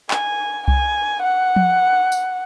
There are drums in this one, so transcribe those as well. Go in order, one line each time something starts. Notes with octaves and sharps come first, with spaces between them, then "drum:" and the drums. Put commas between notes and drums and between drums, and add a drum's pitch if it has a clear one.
G#5, drum: clap
G#5, drum: kick C2
F#5
drum: tom F3
drum: tambourine